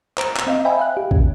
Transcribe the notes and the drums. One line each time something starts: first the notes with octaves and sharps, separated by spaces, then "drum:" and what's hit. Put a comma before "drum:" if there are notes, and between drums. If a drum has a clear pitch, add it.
C5 A#5 D7, drum: clap
drum: clap
C4 D#5 F5
C5 D#5 E5 G5 G#5 B5
F5 F#6
G4
C#4, drum: kick A#1